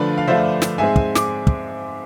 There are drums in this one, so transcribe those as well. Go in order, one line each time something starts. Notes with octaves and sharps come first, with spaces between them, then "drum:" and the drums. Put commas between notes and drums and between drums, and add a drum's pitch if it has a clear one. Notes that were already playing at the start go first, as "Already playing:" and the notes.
Already playing: D3 F3 A3 D4 F4 B4 D5
F5
D3 F3 A3 D4 F4 C5 E5
drum: snare
G#2 G#3 C4 E5 G#5
drum: kick
D6, drum: snare
drum: kick